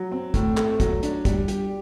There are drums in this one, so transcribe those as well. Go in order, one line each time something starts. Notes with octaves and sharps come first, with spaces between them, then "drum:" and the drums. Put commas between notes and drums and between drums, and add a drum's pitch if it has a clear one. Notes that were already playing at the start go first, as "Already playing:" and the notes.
Already playing: F#3
C4
A2, drum: kick, hi-hat
A3, drum: clap
F#3, drum: kick, hi-hat
D4, drum: hi-hat
G3, drum: kick, hi-hat
G4, drum: hi-hat